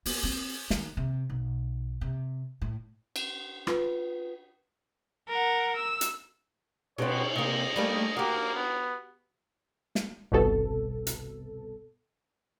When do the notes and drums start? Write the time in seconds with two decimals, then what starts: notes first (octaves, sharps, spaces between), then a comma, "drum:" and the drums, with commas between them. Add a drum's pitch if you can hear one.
0.06 B3, drum: open hi-hat
0.24 C4
0.70 D#3, drum: snare
0.97 C3
1.30 B1
2.01 C3
2.62 A2
3.16 drum: cymbal
3.67 F4 B4, drum: rim click
5.28 A#4 F#5
5.76 E6
6.01 drum: hi-hat
6.98 B2 C4 C#5, drum: cymbal
7.36 C3 A#3 D#5
7.76 G3 A3 A#3
8.17 A#3 F#4 G4
8.55 B3
9.95 drum: snare
10.32 G1 C2 B2 A4
11.07 drum: hi-hat